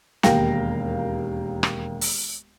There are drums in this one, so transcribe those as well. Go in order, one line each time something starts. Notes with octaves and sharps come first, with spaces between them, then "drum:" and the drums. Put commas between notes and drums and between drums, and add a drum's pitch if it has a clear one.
E1 D#2 A#3 F5 G5 A#6, drum: snare
drum: rim click
drum: open hi-hat